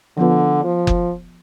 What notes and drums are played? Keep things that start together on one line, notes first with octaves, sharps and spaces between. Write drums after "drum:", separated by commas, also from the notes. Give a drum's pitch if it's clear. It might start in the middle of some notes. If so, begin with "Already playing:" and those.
D3 F3 B3 F4 B4
F3
drum: kick F#1